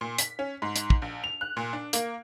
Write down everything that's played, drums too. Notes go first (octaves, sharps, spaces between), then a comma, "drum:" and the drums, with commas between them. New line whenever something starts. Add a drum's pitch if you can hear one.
A#2
B6, drum: hi-hat
C#4
G#2
drum: hi-hat
drum: kick
A#1
F7
F#6
A#2
D4
A#3, drum: hi-hat